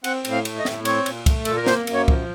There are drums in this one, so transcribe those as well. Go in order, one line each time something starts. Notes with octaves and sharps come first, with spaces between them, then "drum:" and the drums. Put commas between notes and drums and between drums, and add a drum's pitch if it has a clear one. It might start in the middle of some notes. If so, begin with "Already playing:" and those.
C4 F#5, drum: cymbal
A2, drum: cymbal
F5
A3, drum: cymbal
D#5
A2, drum: snare
C4 C#5, drum: cymbal
A#2, drum: cymbal
A3, drum: kick, cymbal
A#2 A4, drum: cymbal
A#4
A#3 C5, drum: snare
F#2, drum: cymbal
C#5
F3, drum: kick